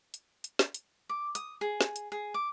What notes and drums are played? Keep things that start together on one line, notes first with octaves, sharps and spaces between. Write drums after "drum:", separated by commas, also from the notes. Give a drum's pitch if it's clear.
drum: hi-hat
drum: hi-hat
drum: snare
drum: hi-hat
D6
D#6, drum: hi-hat
G#4
drum: snare
drum: hi-hat
G#4
D6